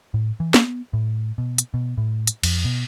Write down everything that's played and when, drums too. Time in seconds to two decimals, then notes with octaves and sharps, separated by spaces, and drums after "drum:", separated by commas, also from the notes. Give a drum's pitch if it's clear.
0.14 A2
0.40 E3
0.54 B3, drum: snare
0.93 A2
1.38 B2
1.58 drum: hi-hat
1.74 B2
1.98 A2
2.27 drum: hi-hat
2.43 F2, drum: cymbal
2.64 B2